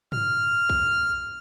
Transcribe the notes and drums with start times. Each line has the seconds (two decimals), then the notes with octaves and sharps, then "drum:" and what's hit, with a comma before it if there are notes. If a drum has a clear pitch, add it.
0.12 F6, drum: tom
0.69 drum: kick